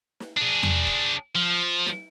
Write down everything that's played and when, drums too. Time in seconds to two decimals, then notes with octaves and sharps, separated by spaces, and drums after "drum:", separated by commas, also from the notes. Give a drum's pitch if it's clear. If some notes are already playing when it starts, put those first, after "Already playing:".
0.20 drum: snare
0.37 D4 G#4
0.63 drum: tom E2
0.87 drum: kick F1
1.35 F3
1.86 drum: snare